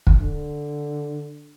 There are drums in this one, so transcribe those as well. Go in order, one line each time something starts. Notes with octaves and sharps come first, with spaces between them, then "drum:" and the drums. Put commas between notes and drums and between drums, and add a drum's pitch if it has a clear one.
drum: kick
D3